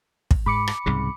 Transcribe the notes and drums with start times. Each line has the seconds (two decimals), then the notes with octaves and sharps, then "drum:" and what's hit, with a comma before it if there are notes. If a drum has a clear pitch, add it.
0.31 drum: kick
0.46 G#2 B5 D6 C#7
0.67 drum: rim click
0.86 C2 G#2 C#3